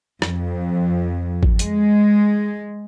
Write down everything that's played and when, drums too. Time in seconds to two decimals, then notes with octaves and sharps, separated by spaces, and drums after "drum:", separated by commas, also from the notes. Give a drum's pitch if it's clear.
0.22 F2, drum: rim click
1.43 drum: kick
1.59 G#3, drum: hi-hat